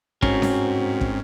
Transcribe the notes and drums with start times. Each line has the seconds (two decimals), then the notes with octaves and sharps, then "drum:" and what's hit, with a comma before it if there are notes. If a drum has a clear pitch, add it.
0.22 G#2 C4 C#4 F#4 A#4, drum: kick
0.42 drum: snare C#4
1.01 drum: kick